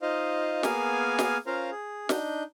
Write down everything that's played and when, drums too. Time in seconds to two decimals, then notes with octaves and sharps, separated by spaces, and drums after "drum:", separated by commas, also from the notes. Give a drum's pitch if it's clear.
0.02 D#4 F4 C5 D#5 F5
0.63 A#3 B3 G#4 A#4 F5 G#5, drum: snare
1.19 drum: snare
1.47 C#4 F4 A#4 C5 F5 A#5
1.71 G#4
2.09 D4 D#4 G6, drum: snare